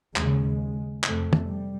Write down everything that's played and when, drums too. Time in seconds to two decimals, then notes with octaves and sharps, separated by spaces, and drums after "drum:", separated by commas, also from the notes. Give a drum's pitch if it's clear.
0.16 D#2 C#3 G#3, drum: clap
1.04 F2 C3 A3, drum: clap
1.33 drum: tom
1.47 G3